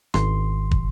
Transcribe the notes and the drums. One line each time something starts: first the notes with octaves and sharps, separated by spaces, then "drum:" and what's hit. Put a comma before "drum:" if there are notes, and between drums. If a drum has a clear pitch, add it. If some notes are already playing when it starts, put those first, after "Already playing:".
G#1 C6, drum: rim click
drum: kick